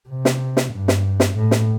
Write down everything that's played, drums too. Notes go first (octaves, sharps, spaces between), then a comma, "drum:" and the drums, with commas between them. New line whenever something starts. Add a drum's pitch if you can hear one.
C3
drum: snare
drum: snare
G2
drum: snare
drum: snare
A2
drum: snare